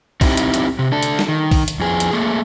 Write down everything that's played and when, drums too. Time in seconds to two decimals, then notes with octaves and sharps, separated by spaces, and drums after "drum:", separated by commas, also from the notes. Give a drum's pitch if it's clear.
0.21 C4 D#4 E4 G4, drum: kick, open hi-hat
0.37 drum: hi-hat
0.54 drum: hi-hat
0.79 C3
0.92 A3 D4 A4
1.03 drum: hi-hat
1.19 drum: snare
1.29 D#3
1.51 drum: kick, open hi-hat
1.68 drum: hi-hat
1.80 F2 G#4
2.00 drum: hi-hat
2.11 A3 A#3 G#4